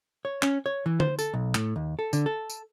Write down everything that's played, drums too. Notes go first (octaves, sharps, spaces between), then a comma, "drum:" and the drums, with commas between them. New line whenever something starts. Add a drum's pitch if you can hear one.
C#5
C#4, drum: clap
C#5
E3
C5, drum: tom D3
A4, drum: tambourine
B1
A2, drum: clap
D#2
A4
D3, drum: tambourine
A4
drum: tambourine